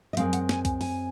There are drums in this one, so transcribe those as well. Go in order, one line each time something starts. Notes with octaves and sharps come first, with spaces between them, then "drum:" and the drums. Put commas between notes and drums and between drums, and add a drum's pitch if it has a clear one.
D#5
F#2 D#3 G#3 C4 F5, drum: hi-hat
F#5, drum: hi-hat
G#5, drum: snare
drum: kick C2, hi-hat
G#5, drum: open hi-hat